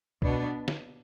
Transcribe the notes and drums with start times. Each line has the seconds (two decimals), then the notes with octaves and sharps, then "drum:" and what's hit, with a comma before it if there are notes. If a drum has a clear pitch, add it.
0.22 B2 B3 D4, drum: kick C2
0.68 drum: snare